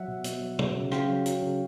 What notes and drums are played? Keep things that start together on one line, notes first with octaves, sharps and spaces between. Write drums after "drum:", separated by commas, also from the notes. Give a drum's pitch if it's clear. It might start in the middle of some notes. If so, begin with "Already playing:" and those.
Already playing: F#3 E5 F#5
B2
B2, drum: hi-hat
F#3
F#3, drum: tom
C#3
C#3 F5 G5, drum: rim click
F#3
F#3, drum: hi-hat
C#3